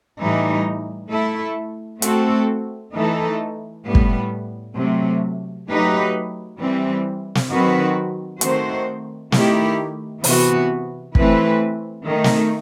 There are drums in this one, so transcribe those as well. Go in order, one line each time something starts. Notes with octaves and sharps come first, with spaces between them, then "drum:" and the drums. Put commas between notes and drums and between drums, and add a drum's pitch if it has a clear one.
A2 E3 G3 D#4
A3 E4 A4
A3 C4 F#4 A4, drum: hi-hat
E3 A3 D#4 A4
A2 G3 B3
drum: kick
C3 F#3 A3
F#3 A3 D#4 G4 B4
E3 G3 C4
drum: snare
D#3 F#3 C4 F#4 B4
D#3 A3 C4 F#4 C5, drum: hi-hat
D#3 A3 E4 G4, drum: snare
C3 E3 B3 F#4, drum: open hi-hat
E3 A3 C4 E4 B4, drum: kick
D#3 A3 D#4
drum: snare